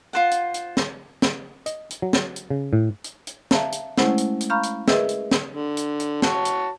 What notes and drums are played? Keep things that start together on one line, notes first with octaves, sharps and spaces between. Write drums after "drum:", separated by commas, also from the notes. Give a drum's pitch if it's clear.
F4 C5 F#5
drum: hi-hat
drum: hi-hat
drum: snare
drum: snare
D#5, drum: hi-hat
drum: hi-hat
F#3
drum: snare
drum: hi-hat
C#3
A2
drum: hi-hat
drum: hi-hat
E5 F5 A5 A#5, drum: snare
drum: hi-hat
G#3 A3 C#4 E4 C5 F#5, drum: snare
drum: hi-hat
drum: hi-hat
F5 A#5 B5 C#6 F6 G6
drum: hi-hat
G#4 A#4 B4 D#5 E5 E6, drum: snare
drum: hi-hat
drum: snare
D3
drum: hi-hat
drum: hi-hat
F#4 C#5 A5, drum: snare
drum: hi-hat